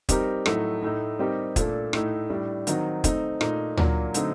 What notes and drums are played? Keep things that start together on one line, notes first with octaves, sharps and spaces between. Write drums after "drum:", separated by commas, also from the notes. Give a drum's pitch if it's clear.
G3 C4 D#4 G4 A#4, drum: kick, hi-hat
A2 F#3 A3 D#4, drum: rim click
A2 A3 D#4
G3 C4 D#4 G4 A#4
A#2 A3 D4 A4, drum: kick, hi-hat
A2 A3 D#4, drum: rim click
A2 G3 D4
D#3 F#3 C4 D#4 F#4, drum: hi-hat
A3 C4 D#4, drum: kick, hi-hat
A#2 A3 D#4, drum: rim click
A#2 F#3 A#3 D4, drum: tom
D3 F#3 A3 C4 D#4, drum: hi-hat